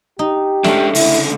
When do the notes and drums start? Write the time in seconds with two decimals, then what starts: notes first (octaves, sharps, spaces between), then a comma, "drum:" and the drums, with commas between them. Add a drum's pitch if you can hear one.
0.19 D#4 G4
0.64 G#3 A3 C#4 D4, drum: snare
0.95 C#2 D3 E4, drum: open hi-hat